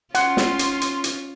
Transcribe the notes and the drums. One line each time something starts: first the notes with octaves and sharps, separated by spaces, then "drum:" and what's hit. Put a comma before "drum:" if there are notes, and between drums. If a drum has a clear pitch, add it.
C#4 F4 F#5 C6, drum: hi-hat
drum: snare
drum: hi-hat
drum: hi-hat
drum: hi-hat